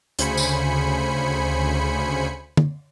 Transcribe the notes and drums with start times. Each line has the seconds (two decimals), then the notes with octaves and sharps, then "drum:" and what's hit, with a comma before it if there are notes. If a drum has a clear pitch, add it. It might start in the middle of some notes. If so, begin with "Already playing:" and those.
0.19 D2 C#3 C5 G#5 B5 C#7, drum: hi-hat
0.37 drum: tambourine
2.57 drum: tom